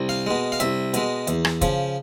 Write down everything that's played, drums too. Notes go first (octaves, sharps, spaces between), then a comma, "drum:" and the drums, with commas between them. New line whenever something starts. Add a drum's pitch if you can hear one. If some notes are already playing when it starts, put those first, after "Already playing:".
Already playing: C2
F5
B2 G#3
F5
C2 E5, drum: hi-hat
B2 G#3, drum: hi-hat
E2, drum: hi-hat
drum: rim click
C#3 F3, drum: kick, hi-hat